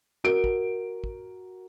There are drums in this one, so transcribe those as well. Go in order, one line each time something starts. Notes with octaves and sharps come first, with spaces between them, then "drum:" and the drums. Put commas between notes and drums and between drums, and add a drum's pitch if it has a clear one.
F#4 A#4 D7
drum: kick
drum: kick